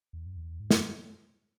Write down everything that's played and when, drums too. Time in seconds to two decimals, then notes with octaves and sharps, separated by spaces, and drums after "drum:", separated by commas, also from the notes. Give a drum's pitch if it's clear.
0.13 E2
0.26 F#2
0.37 E2
0.60 G#2
0.71 F#2, drum: snare